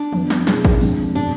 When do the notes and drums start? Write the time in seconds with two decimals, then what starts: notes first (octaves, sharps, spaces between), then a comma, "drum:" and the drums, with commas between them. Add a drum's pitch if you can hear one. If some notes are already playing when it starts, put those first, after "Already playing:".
Already playing: D4
0.13 F2 D3 F3 B3, drum: tom
0.30 drum: snare
0.47 B1 B2 B3 E4 G#4, drum: snare
0.65 drum: kick A1
0.81 F2 D3 G#3 C4 G#4, drum: open hi-hat
1.15 B2 B3 D4, drum: tom